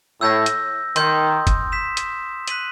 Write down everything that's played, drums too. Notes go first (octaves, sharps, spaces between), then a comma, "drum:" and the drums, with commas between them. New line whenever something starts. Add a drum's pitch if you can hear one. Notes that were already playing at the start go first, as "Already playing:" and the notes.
A2 E6 G6 A#6
drum: hi-hat
D#3 C6 D#6 G6, drum: hi-hat
drum: kick F#1, hi-hat
G6 B6 E7
drum: hi-hat
F#6 B6 D#7 F#7, drum: hi-hat